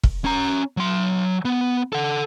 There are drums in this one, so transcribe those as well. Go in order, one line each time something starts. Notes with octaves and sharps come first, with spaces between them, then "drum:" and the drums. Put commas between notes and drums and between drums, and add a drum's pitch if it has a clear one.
drum: kick
C#4 A#5
F#3 C6
B3
A4 F#5